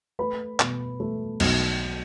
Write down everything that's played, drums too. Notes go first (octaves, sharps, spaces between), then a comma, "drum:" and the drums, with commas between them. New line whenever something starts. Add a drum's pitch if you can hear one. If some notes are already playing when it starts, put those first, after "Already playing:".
A3 B4 B5
B2, drum: clap
A3
B1, drum: cymbal